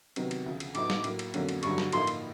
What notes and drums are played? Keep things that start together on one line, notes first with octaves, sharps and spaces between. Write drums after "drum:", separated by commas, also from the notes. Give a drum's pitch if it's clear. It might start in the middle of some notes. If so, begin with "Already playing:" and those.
C3 D#3 F#3 B3, drum: cymbal
drum: cymbal
D2 C#3 F3
drum: cymbal
A2 F#3 B3 D#4 D6, drum: cymbal
drum: snare
A2 F#3 A#3, drum: cymbal
drum: cymbal
F2 D3 F#3 A#3 C#4, drum: cymbal
drum: cymbal
G2 D3 F#3 C#6, drum: cymbal
drum: snare
A2 F3 A#3 D#4 C6, drum: cymbal
drum: cymbal